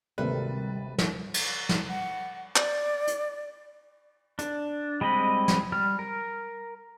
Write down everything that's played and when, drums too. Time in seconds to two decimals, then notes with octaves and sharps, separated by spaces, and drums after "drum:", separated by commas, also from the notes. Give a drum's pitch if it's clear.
0.18 G#1 D2 C3 G3 A#3 A4 B4
0.98 drum: snare
1.34 drum: cymbal
1.69 drum: snare
1.88 F#5
2.56 D5, drum: clap
3.07 drum: hi-hat
4.39 D4, drum: hi-hat
5.01 G3 G#3 C4 D#5 B5
5.48 drum: snare
5.72 G3 F6
5.99 A#4